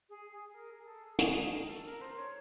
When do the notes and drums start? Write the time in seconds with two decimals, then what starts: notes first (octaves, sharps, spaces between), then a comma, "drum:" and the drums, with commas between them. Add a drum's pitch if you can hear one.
0.09 G#4
0.31 G#4
0.54 A#4
0.70 G#4
0.86 A4
1.02 G#4
1.19 G#4, drum: hi-hat
1.36 G#4
1.52 A#4
1.68 A4
1.84 A#4
2.01 C5
2.18 C#5